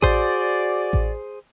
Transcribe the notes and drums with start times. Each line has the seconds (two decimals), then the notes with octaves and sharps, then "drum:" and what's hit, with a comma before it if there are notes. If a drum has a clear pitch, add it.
0.02 F#4 G#4 C5 D5, drum: kick A1
0.93 drum: kick A1